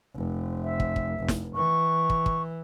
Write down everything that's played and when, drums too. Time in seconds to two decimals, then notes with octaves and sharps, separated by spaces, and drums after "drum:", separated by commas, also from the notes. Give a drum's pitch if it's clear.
0.15 F1
0.63 E5
0.80 drum: kick
0.96 drum: kick
1.19 F1
1.28 drum: snare
1.55 E3 C#6
2.10 drum: kick
2.26 drum: kick